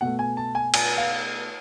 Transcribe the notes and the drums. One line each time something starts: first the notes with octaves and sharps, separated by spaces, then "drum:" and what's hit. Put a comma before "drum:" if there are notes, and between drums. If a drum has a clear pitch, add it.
B2 A3 F#5
G#5
A5
G#5
G#5, drum: cymbal
F5